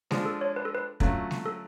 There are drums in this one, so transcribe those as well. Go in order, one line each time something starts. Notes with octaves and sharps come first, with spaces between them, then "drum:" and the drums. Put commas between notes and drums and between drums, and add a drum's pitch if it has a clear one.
F3 G#3 D4 G#4, drum: snare G#3
A4
C#5
B4
A4
B4
D3 F#3 A3 C#4 F4, drum: kick
drum: snare G#3
A4